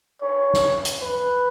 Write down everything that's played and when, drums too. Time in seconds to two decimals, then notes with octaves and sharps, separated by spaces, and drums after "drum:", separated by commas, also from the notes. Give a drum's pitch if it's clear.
0.21 C#5, drum: cymbal
0.54 drum: snare
0.85 drum: hi-hat
1.01 B4